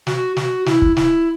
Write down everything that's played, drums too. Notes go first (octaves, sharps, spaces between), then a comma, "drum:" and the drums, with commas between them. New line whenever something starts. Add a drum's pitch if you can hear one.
F#4, drum: snare
F#4, drum: snare
E4, drum: snare
drum: kick
E4, drum: snare